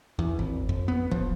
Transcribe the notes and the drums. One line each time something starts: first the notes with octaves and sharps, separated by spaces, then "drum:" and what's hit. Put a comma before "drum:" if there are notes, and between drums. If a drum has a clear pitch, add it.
E2
G#1
F2
B3
F3, drum: kick